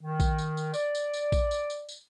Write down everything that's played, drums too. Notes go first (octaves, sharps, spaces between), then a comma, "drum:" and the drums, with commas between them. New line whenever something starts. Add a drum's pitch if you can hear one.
D#3
drum: kick A#1, tambourine
drum: tambourine
drum: tambourine
D5, drum: tambourine
drum: tambourine
drum: tambourine
drum: kick A#1, tambourine
drum: tambourine
drum: tambourine
drum: tambourine